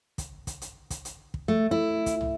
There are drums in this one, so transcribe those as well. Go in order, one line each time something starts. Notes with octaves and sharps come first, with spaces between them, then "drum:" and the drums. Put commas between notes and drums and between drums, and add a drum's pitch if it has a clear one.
drum: kick, hi-hat
drum: kick, hi-hat
drum: hi-hat
drum: kick, hi-hat
drum: hi-hat
drum: kick
A3
E4
drum: kick, hi-hat
drum: tom